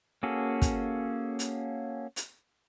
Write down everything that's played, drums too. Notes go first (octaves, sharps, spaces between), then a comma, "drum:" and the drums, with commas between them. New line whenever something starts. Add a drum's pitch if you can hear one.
A#3 C#4 F#4 G#4 A4
drum: kick, hi-hat
drum: hi-hat
drum: hi-hat